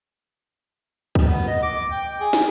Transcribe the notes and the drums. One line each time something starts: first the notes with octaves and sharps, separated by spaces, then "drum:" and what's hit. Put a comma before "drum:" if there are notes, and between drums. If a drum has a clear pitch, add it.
drum: kick C#2
B3
D#5
D6
G5
G#4
drum: snare